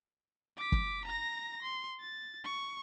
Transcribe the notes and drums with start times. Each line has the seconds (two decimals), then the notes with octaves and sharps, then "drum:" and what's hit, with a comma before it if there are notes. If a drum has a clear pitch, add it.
0.57 D6 B6
0.72 drum: kick
1.06 A#5 A#6
1.63 C6
2.00 A6
2.45 C#6